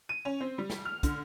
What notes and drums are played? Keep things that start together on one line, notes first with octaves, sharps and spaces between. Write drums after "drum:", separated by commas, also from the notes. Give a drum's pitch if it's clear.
D#7
C#4
C4
G3
drum: snare
F6
D3, drum: kick, hi-hat